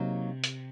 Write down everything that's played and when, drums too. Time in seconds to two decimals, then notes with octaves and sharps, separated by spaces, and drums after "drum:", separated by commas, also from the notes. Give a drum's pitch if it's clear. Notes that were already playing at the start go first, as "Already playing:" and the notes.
Already playing: C3 F#3 A#3 D#4
0.44 drum: hi-hat